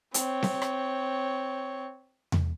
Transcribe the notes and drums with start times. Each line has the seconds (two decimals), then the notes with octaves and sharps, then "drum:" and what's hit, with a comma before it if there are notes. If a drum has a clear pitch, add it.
0.14 C4 C#5, drum: hi-hat
0.43 drum: snare
0.62 drum: rim click
2.32 drum: tom E2